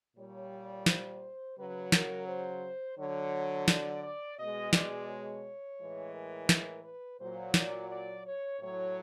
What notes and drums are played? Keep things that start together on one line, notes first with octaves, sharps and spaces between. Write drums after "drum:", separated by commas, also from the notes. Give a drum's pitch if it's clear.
A#2 G3 C#5
C5, drum: snare
C#3 F#3 B4
A#4, drum: snare
C5
D3 F#3 C#5
D5, drum: snare
D5
B2 G#3 D#5
D5, drum: snare
C#5
A2 E3 G#3
A#4
drum: snare
B4
A#2 F#3 C5
D5, drum: snare
D5
C#5
A2 F#3 C#5